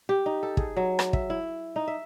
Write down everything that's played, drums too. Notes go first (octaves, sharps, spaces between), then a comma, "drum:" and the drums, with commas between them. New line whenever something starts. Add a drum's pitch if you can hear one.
G4
D#4
A4
G#4, drum: kick
F#3
drum: rim click
E5, drum: kick
E4
D#4
E5